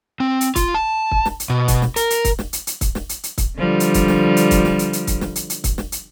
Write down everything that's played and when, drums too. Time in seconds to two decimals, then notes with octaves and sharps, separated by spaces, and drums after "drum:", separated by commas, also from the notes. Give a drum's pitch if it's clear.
0.20 C4
0.41 drum: hi-hat
0.56 F4, drum: kick, hi-hat
0.75 A5
1.11 drum: kick
1.26 drum: snare
1.40 drum: hi-hat
1.50 B2
1.68 drum: kick, hi-hat
1.82 drum: snare
1.96 A#4, drum: hi-hat
2.10 drum: hi-hat
2.25 drum: kick, hi-hat
2.39 drum: snare
2.53 drum: hi-hat
2.67 drum: hi-hat
2.81 drum: kick, hi-hat
2.95 drum: snare
3.09 drum: hi-hat
3.23 drum: hi-hat
3.38 drum: kick, hi-hat
3.58 D3 F3 G3
3.80 drum: hi-hat
3.94 drum: kick, hi-hat
4.08 drum: snare
4.37 drum: hi-hat
4.51 drum: kick, hi-hat
4.65 drum: snare
4.79 drum: hi-hat
4.93 drum: hi-hat
5.07 drum: kick, hi-hat
5.21 drum: snare
5.36 drum: hi-hat
5.50 drum: hi-hat
5.64 drum: kick, hi-hat
5.78 drum: snare
5.92 drum: hi-hat